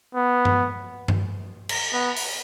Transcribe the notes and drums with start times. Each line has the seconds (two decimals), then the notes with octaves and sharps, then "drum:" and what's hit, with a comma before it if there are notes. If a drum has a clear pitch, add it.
0.15 B3
0.45 drum: tom G2
1.08 drum: tom G2
1.69 drum: cymbal
1.93 B3
2.17 drum: open hi-hat